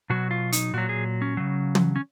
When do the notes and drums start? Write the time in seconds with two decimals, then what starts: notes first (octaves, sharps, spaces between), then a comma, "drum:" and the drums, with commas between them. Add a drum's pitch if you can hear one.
0.10 B2 F#3 F#4
0.31 F4
0.52 D#4, drum: hi-hat
0.73 A#2 F#3 F#4
0.89 G#4
1.22 C#4
1.37 C#3 F#3
1.75 drum: tom
1.96 C#4